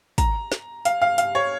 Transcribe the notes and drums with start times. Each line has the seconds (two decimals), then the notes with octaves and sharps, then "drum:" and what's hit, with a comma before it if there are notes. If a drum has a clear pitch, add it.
0.18 A#5, drum: kick, hi-hat
0.52 drum: snare
0.85 F5, drum: hi-hat
1.02 F5
1.18 F5, drum: hi-hat
1.35 C#5